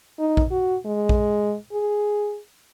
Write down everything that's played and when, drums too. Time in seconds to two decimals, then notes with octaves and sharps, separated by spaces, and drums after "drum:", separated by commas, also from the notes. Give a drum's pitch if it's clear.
0.19 D#4
0.37 drum: kick A#1
0.51 F#4
0.85 G#3
1.09 drum: kick A#1
1.73 G#4